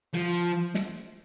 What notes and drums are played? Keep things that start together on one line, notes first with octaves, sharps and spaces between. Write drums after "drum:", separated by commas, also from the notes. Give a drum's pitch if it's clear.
F3, drum: hi-hat
drum: snare